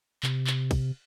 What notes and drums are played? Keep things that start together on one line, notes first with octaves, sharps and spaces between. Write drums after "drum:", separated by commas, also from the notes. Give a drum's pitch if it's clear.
C3, drum: clap
drum: clap
drum: kick, cymbal